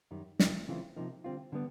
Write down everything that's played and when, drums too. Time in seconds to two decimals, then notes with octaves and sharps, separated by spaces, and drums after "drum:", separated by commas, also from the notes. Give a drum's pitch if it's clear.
0.11 F#2 D#3 G3
0.39 F2 C#3 E3, drum: snare
0.68 C#3 E3 A3 C4 F4
0.97 C3 F3 A#3 D#4
1.24 D3 G3 C4 F4
1.52 D3 G3 B3